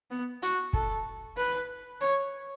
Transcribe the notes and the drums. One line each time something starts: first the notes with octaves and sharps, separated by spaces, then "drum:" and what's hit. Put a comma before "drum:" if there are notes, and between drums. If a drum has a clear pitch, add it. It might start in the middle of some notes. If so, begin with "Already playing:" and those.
B3
F#4, drum: hi-hat
A4, drum: kick
B4
C#5